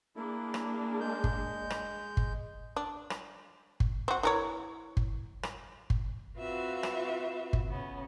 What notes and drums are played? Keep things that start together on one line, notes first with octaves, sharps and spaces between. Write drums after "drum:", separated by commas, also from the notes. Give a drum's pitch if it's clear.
A#3 D4 E4 G#4
drum: rim click
G#3 G6
drum: kick G1
drum: rim click
drum: kick G1
D4
drum: rim click
drum: kick G1
C4 F#4
E3 A#4 C#5
drum: kick G1
drum: rim click
drum: kick G1
C4 F4 F#4 B4 E5 F5
drum: rim click
drum: kick G1
C#3 B3 C#4